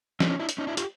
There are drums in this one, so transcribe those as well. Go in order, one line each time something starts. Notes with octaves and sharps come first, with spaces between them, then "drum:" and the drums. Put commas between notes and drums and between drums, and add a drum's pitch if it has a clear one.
C4 D4, drum: snare
C#4 D#4
D4 E4
drum: hi-hat
C#4 D#4
D4 E4
F4 G4, drum: hi-hat